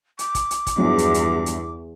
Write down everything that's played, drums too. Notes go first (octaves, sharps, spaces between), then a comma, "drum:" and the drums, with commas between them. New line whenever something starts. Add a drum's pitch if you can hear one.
D6, drum: hi-hat
drum: kick, hi-hat
drum: hi-hat
drum: kick, hi-hat
E2 G2 F3 F#3
drum: hi-hat
drum: hi-hat
drum: hi-hat